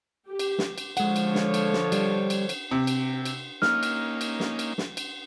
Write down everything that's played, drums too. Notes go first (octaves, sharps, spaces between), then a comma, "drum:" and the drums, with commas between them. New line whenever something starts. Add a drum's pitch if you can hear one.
G4
drum: cymbal
drum: snare
drum: cymbal
D3 F3 G#3 C#5 F#5, drum: cymbal
drum: cymbal
drum: snare
drum: cymbal
drum: snare
G3, drum: cymbal
drum: cymbal
drum: cymbal
C3
drum: cymbal
drum: cymbal
A#3 C#4 D#4 F6, drum: snare
drum: cymbal
drum: cymbal
drum: snare
drum: cymbal
drum: snare
drum: cymbal